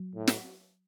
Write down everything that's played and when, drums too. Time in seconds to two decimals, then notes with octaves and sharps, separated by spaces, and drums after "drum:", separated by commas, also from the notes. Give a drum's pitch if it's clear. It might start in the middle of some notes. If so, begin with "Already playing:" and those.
Already playing: F#3
0.15 A2
0.27 drum: snare